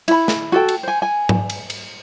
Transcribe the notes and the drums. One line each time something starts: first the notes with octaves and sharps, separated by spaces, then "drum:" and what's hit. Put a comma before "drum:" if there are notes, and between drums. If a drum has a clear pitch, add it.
E4 B5, drum: cymbal
drum: snare
F#4 A4 G5
drum: cymbal
C5 G#5
G#5
drum: tom G#2
drum: cymbal
drum: cymbal